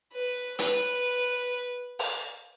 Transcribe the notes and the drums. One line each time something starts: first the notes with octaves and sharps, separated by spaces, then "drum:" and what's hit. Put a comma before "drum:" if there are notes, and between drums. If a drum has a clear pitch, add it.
B4
B4, drum: hi-hat
drum: open hi-hat